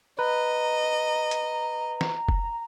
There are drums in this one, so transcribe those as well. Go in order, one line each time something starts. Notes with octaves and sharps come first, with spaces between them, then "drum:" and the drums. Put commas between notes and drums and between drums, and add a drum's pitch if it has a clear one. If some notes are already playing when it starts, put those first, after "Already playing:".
B4 D#5 A#5
drum: hi-hat
drum: snare
drum: kick F1